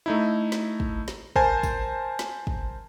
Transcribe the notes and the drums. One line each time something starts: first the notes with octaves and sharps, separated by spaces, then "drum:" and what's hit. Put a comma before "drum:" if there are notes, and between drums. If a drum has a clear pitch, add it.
A3 D#4 E4
drum: snare
drum: kick
drum: snare
A#4 C5 G#5 A5, drum: kick
drum: kick, tambourine
drum: snare
drum: kick